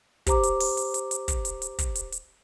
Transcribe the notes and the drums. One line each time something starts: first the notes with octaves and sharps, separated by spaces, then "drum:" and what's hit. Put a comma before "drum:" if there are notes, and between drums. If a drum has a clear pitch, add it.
G4 C5 A#5 D6, drum: kick, hi-hat
drum: hi-hat
drum: open hi-hat
drum: hi-hat
drum: hi-hat
drum: hi-hat
drum: kick, hi-hat
drum: hi-hat
drum: hi-hat
drum: kick, hi-hat
drum: hi-hat
drum: hi-hat